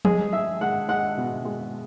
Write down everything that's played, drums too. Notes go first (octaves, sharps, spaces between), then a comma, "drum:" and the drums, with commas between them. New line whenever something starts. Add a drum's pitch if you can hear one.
G#3 G#4, drum: tom F3
G#3 E5
G#3 F#5
G#3 F#5
B2
G#3